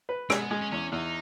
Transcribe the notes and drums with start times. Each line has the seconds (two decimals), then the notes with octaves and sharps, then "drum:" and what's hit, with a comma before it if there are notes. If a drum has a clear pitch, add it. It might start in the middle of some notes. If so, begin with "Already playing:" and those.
0.09 B4
0.30 G#3 A3, drum: rim click
0.40 B3
0.51 G#3 C#4
0.61 C#4
0.71 E2 C#4
0.92 E2 D#4